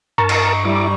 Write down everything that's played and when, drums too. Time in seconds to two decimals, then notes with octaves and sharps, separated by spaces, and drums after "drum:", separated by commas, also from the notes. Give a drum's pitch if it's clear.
0.18 G2 A#4 A5 A#5 C#6
0.29 drum: cymbal
0.65 G3 E4 D6